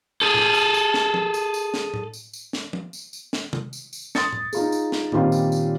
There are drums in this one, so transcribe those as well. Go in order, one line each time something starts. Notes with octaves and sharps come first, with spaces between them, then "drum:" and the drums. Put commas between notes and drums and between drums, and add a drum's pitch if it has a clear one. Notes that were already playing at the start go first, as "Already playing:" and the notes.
G#4 A4
drum: tom A2
drum: tambourine
drum: tambourine
drum: snare
drum: tom
drum: tambourine
drum: tambourine
drum: snare
drum: tom A2
drum: tambourine
drum: tambourine
drum: snare
drum: tom
drum: tambourine
drum: tambourine
drum: snare
drum: tom C3
drum: tambourine
drum: tambourine
C6 D#6 A6 C#7, drum: snare
drum: tom A2
D#4 F4 G#4, drum: tambourine
drum: tambourine
drum: snare
A#2 D#3 G3 C4 C#4 F4, drum: tom A2
drum: tambourine
drum: tambourine